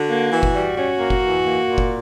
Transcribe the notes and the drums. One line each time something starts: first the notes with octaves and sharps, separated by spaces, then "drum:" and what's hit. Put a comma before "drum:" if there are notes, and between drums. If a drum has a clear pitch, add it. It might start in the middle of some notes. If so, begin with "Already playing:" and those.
Already playing: D3 F#4
A#3
E3
drum: kick F#1
G3
C#4 F#4
A#3
drum: kick F#1
E3
A#3
A#2
drum: kick F#1